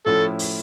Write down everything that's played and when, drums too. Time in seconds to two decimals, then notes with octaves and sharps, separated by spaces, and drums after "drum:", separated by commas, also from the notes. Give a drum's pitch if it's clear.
0.06 A2 F3 C#4 E4 A4
0.39 drum: open hi-hat